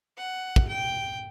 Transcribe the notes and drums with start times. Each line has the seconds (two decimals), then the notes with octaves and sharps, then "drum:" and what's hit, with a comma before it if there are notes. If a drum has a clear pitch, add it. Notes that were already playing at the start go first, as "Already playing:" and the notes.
0.17 F#5
0.56 drum: kick
0.68 G5